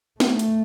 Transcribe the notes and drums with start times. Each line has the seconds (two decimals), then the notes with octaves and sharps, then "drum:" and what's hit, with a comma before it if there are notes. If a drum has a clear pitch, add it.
0.20 A3, drum: snare
0.39 drum: hi-hat